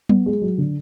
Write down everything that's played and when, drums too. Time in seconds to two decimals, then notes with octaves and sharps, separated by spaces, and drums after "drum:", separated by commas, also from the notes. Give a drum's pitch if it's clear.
0.09 B3, drum: tom F#3
0.26 G#3
0.42 F#3
0.58 D3